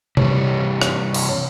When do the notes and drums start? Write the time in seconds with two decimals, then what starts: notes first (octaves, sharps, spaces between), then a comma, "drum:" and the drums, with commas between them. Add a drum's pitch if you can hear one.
0.17 C3 E3 G3 C#5, drum: tom C3
0.81 drum: rim click
1.14 drum: cymbal